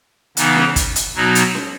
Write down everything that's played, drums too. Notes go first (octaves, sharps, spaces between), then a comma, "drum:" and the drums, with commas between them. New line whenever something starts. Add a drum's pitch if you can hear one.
C#3 E3 B3 D#4, drum: hi-hat
drum: snare C#4
drum: kick, hi-hat
drum: hi-hat
B2 F#3 B3 D#4 F#4
drum: hi-hat
drum: snare C#4